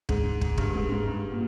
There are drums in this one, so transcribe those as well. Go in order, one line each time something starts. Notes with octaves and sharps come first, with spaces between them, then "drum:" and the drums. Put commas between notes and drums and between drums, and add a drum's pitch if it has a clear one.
G#2, drum: kick
drum: kick
G2, drum: kick
G#2
G#2
G2
A#2